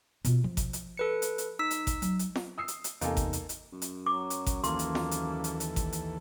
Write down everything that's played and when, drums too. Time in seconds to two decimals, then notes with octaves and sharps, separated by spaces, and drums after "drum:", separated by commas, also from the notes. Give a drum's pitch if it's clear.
0.25 B2 F4, drum: hi-hat
0.44 F3
0.57 drum: kick G#1, hi-hat
0.73 drum: hi-hat
0.97 A4 B4 C#7
1.22 drum: hi-hat
1.38 drum: hi-hat
1.59 D#4 E6 B6
1.71 drum: hi-hat
1.87 drum: kick G#1, hi-hat
2.02 F#3, drum: hi-hat
2.19 drum: hi-hat
2.35 drum: snare
2.58 D#6 E6 C7
2.68 drum: hi-hat
2.84 drum: hi-hat
3.01 E2 C3 A#3 D#4 A4 G#5, drum: hi-hat
3.17 drum: kick G#1, hi-hat
3.33 drum: hi-hat
3.49 drum: hi-hat
3.72 F#2
3.82 drum: hi-hat
4.06 F#3 D6
4.30 drum: hi-hat
4.46 drum: kick G#1, hi-hat
4.64 D#2 E3 A#3 A4 C6, drum: hi-hat
4.79 drum: hi-hat
4.95 drum: snare
5.11 drum: hi-hat
5.44 drum: hi-hat
5.60 drum: hi-hat
5.76 drum: kick G#1, hi-hat
5.93 drum: hi-hat